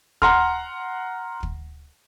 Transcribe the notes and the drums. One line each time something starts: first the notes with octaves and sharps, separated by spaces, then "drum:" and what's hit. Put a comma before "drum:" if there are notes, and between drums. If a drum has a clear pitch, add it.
F#5 A#5 C6 F6, drum: kick
drum: kick